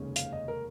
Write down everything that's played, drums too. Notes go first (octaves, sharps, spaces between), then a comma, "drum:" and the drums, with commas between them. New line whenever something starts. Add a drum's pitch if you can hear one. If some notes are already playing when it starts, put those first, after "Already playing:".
Already playing: F1 D#2 C#3 G#3 C#4
F5, drum: hi-hat
D#5
A#4